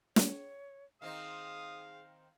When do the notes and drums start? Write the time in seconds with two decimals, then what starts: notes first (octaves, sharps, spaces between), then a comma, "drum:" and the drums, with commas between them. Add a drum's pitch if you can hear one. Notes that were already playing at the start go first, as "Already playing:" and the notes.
0.16 C#5, drum: snare
1.02 D#3 C4 D#4 G#4 F5 D#6